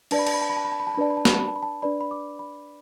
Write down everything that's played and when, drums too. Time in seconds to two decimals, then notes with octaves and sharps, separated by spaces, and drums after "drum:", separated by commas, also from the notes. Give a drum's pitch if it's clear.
0.11 D4 B4 D5 A5, drum: cymbal
0.19 B5
0.27 A5, drum: cymbal
0.34 B5
0.41 A5
0.50 B5
0.57 A5
0.65 B5
0.72 A5
0.80 B5
0.87 A5
0.95 B5
0.97 D4 B4 D5 A5
1.10 B5
1.17 A5
1.25 B5, drum: snare
1.33 A5
1.41 B5
1.48 A5
1.56 B5
1.63 A5
1.82 D4 B4 D5 B5
2.01 B5
2.11 D6
2.39 B5